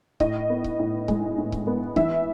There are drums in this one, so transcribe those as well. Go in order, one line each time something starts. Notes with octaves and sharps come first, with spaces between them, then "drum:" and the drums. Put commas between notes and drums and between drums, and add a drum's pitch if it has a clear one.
A2 D#5, drum: kick C#1
B3
drum: kick C#1
A2
G#3, drum: kick C#1
A2
drum: kick C#1
B3
E3 E5, drum: kick C#1